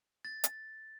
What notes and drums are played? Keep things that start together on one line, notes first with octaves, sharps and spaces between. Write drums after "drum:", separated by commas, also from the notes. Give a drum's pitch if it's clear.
A6
drum: hi-hat